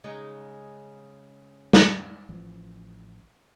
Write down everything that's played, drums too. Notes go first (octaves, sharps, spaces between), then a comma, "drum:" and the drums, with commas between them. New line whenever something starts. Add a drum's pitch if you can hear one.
C#3 G#3 D#4
drum: snare
A1 E3 F3